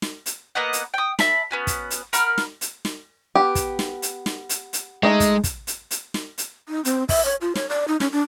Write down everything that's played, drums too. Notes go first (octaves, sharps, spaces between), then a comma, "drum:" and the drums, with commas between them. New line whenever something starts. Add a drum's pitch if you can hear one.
drum: snare
drum: hi-hat
A#3 B3 D#5 F#5
drum: hi-hat
G5 D#6
E5 A5 B5, drum: snare
B3 C#4 F#4
drum: kick, hi-hat
drum: hi-hat
A#4 F#5 B5 F6, drum: hi-hat
drum: snare
drum: hi-hat
drum: snare
B3 G4
drum: kick, hi-hat
drum: snare
drum: hi-hat
drum: snare
drum: hi-hat
drum: hi-hat
G#3 A3 D#4
drum: kick, hi-hat
drum: kick, hi-hat
drum: hi-hat
drum: hi-hat
drum: snare
drum: hi-hat
D#4
C4, drum: hi-hat
E5, drum: kick, open hi-hat
C#5
F4
C#5, drum: snare
D5
D#4
C#4, drum: snare
D4